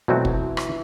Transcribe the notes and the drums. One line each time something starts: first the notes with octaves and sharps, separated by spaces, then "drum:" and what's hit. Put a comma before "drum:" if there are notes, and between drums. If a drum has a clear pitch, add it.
B2 E3 F#3 A3 C4 F#4
drum: kick
drum: rim click